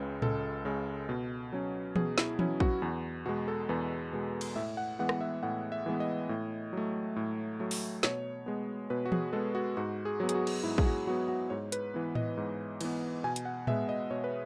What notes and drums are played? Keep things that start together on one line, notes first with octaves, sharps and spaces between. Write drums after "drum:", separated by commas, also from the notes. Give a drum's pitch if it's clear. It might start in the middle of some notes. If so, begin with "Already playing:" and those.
Already playing: C#2 C#3 G#3 B4
C#2 A4, drum: tom A2
C#3 G#3
B2
F#3 C#4
B2 G#4, drum: tom E3
E4, drum: snare
F#3 C#4 E4, drum: tom E3
F#4, drum: kick
E2 F#4
B2 G#3 F#4
A4
E2 B4
B2 G#3
drum: cymbal
A2 E5
F#5
E3 G#3 B3 F#5
drum: rim click
E5
A2 F#5
E5
E3 G#3 B3
D#5
A2
F#3 A3
A2
F#3 A3
drum: open hi-hat
B2 C#5, drum: snare
G#3 B3
B2 B4
F#4
G#4, drum: tom E3
G#3 B3 A4
F#4
G#2 F#4
G#4
F#3 B3
G#4, drum: hi-hat
F#4
drum: cymbal
G#2 E4
G#4, drum: kick
F#4
F#3 B3 F#4
F#4
G#2 C#5
B4, drum: hi-hat
E3 B3
D#5, drum: tom A2
G#2
E3 B3, drum: cymbal
B2 G#5
drum: hi-hat
F#5
G#3 B3 E5, drum: tom A2
D#5
B2 C#5
B4